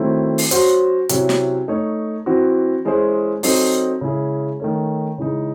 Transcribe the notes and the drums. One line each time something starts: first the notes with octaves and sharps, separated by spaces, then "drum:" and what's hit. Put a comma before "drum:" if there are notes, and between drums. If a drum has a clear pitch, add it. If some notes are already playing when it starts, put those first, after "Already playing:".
Already playing: D#3 F#3 A3 C4 E4
drum: open hi-hat
F#3 C#4 F#4 C5, drum: hi-hat
C3 F#3 C#4 E4, drum: hi-hat
drum: snare
A3 D#4 A4 C#5
E3 C4 F#4
E3 G#3 C#4 G#4 C5
F#3 C4 D#4 A4, drum: open hi-hat
C#3 G#3 C#4 E4 G#4
D#3 A3 C#4
C#3 E3 G#3 D#4